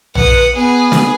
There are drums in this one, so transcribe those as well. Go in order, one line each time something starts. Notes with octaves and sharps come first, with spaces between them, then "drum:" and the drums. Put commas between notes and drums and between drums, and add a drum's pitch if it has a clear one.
B4 F#5 D#6, drum: tom A#1
B3 G#4 B4
drum: snare